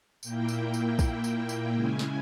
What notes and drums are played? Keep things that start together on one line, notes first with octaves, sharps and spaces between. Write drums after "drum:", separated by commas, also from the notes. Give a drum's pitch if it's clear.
A#2 A#3 E4 G5, drum: tambourine
drum: tambourine
drum: tambourine
drum: kick, tambourine
drum: tambourine
drum: tambourine
C#3 G#3 C#4 E4 G#5
drum: snare